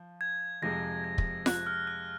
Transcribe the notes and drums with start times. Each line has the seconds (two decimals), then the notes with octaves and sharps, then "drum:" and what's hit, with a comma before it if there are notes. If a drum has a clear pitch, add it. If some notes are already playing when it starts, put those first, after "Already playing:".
Already playing: F3
0.21 G#6
0.62 F2 C3 F3 G#3 A#6
1.04 G#6
1.18 drum: kick
1.46 F#6, drum: snare F4
1.67 F6
1.87 F#6